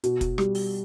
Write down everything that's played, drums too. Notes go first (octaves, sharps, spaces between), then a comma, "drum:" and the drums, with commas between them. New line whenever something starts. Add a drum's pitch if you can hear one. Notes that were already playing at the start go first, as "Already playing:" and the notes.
B2, drum: hi-hat
drum: kick, hi-hat
G3, drum: rim click
drum: open hi-hat